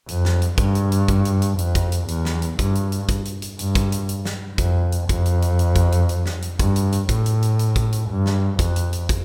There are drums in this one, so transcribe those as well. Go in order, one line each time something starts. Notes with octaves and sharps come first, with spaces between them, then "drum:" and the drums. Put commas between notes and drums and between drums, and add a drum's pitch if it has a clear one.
F2, drum: hi-hat
drum: snare
drum: hi-hat
G2, drum: kick, hi-hat
drum: hi-hat
drum: hi-hat
drum: kick, hi-hat
drum: hi-hat
drum: hi-hat
F2, drum: hi-hat
drum: kick, hi-hat
drum: hi-hat
E2, drum: hi-hat
drum: snare
drum: hi-hat
G2, drum: kick, hi-hat
drum: hi-hat
drum: hi-hat
drum: kick, hi-hat
drum: hi-hat
drum: hi-hat
G2, drum: hi-hat
drum: kick, hi-hat
drum: hi-hat
drum: hi-hat
drum: snare
F2, drum: kick, hi-hat
drum: hi-hat
F2, drum: kick, hi-hat
drum: hi-hat
drum: hi-hat
drum: hi-hat
drum: kick, hi-hat
drum: hi-hat
drum: hi-hat
drum: snare
drum: hi-hat
G2, drum: kick, hi-hat
drum: hi-hat
drum: hi-hat
A2, drum: kick, hi-hat
drum: hi-hat
drum: hi-hat
drum: hi-hat
drum: kick, hi-hat
drum: hi-hat
G2
drum: snare
F2, drum: kick, hi-hat
drum: hi-hat
drum: hi-hat
drum: kick, hi-hat